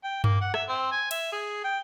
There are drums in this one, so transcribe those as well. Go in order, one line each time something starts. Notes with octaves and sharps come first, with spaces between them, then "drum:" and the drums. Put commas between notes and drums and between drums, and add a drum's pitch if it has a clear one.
G5
A#3, drum: tom G2
F#5
E5, drum: rim click
C4
G#5
E5, drum: cymbal
G#4
G5